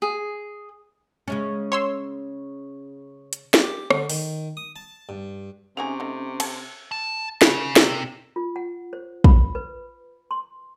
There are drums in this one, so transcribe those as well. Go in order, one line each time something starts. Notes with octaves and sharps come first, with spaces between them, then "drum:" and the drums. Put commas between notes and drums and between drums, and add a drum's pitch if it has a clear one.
G#4
C#3 G#3 C#4
C#5 C6 E6
drum: hi-hat
drum: snare
G4
D3, drum: rim click
D#3, drum: open hi-hat
D#6
A5
G2
C3 A3 C#4 D#4 G#4
A3 D#4
A4, drum: cymbal
A5
C#3, drum: snare
C3, drum: snare
F4
F#5
C5
B5, drum: kick
B4
C6